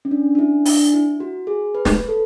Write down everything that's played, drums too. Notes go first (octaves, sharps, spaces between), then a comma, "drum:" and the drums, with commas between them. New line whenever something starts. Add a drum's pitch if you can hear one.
C#4
D4
D4
E4
D4, drum: open hi-hat
E4
F#4
G#4
B4
drum: snare
B4
A4